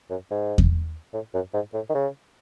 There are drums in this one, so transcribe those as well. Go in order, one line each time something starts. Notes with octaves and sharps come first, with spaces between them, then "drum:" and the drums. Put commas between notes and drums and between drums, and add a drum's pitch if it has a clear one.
F#2
G#2
drum: kick E2
A2
F#2
G#2
A2
D#3
C#3